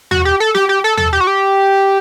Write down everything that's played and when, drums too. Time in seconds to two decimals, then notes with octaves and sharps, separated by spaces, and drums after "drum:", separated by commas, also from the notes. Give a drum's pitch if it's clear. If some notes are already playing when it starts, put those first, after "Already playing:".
0.11 F#4, drum: tom
0.25 G4
0.40 A4
0.55 G4, drum: snare
0.69 G4
0.84 A4
0.97 A4, drum: tom
1.13 G4
1.21 F#4
1.27 G4